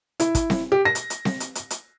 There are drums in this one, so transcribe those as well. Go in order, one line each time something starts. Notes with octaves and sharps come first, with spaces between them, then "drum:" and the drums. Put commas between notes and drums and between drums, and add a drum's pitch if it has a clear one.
E4, drum: hi-hat
drum: kick, hi-hat
drum: snare C4
G4
A#6
drum: hi-hat
drum: hi-hat
drum: snare C4
drum: hi-hat
drum: hi-hat
drum: hi-hat